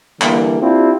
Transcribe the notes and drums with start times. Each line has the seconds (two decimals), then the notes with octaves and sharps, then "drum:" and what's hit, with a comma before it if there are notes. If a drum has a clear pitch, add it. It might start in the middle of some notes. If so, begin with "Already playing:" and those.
0.21 D3 E3 G3 A#3, drum: clap
0.61 C4 D4 E4 F4 G4